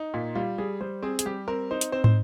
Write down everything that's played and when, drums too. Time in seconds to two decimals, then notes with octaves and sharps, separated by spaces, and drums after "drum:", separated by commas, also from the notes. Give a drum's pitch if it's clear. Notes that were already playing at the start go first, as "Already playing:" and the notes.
Already playing: D#4
0.14 A#2
0.35 G3 F4
0.58 G3 G#4
0.81 G3 C5
1.03 C4 G#4
1.19 G#4, drum: hi-hat
1.25 G3 G4
1.48 C4 A#4
1.71 D#4 C5
1.81 drum: hi-hat
1.92 C4 C5
2.04 C5, drum: tom